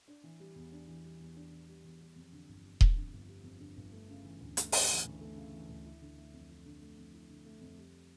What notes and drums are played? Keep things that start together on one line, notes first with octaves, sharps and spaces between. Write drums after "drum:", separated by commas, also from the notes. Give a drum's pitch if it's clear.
D4
E3
G3
E2
D4
E3
G3
E2
D4
E3
G3
E2
G3
F2
D3
G1
G3
F2, drum: kick D#1
D3
G1
G3
F2
D3
G1
A3
C#3
E3
D2
A3, drum: hi-hat
C#3, drum: open hi-hat
E3
D2
A3
C#3
E3
D2
E4
D3
A3
F2
E4
D3
A3
F2
E4
D3
A3
F2
G3